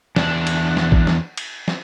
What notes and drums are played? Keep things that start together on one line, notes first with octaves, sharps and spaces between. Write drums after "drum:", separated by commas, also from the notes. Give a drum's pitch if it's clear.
E2 D4, drum: snare
drum: cymbal
drum: snare
drum: kick
drum: snare
drum: cymbal
drum: snare